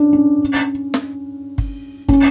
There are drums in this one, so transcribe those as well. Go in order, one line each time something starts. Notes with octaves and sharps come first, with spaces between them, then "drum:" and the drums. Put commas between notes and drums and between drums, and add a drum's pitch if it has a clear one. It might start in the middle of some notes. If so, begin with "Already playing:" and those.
Already playing: C#4 D4
C#4
drum: snare
drum: kick
C#4, drum: kick